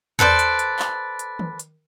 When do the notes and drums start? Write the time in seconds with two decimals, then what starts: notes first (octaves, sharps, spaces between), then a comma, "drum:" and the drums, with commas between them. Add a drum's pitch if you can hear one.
0.19 A4 B4 C5 D5, drum: tom E2
0.39 drum: hi-hat
0.59 drum: hi-hat
0.79 drum: clap
1.19 drum: hi-hat
1.39 drum: tom D#3
1.59 drum: hi-hat